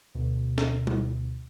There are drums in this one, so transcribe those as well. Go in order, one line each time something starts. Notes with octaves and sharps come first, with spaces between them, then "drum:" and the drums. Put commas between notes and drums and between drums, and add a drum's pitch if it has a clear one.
D2 B2
drum: snare
drum: tom G3